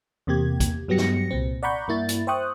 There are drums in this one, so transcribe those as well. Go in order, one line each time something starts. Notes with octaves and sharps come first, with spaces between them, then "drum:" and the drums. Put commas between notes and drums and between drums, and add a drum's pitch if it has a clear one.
E2 C3 A#3 G4 G#6
drum: kick, hi-hat
G2 F#3 B3 G4 A#6 C#7
drum: snare
C2 A#2 C4
D5 F#5 A#5 B5 C#6 G6
G2 A#3 E4 A6
drum: hi-hat
C5 E5 G5 C#6 D#6 F#6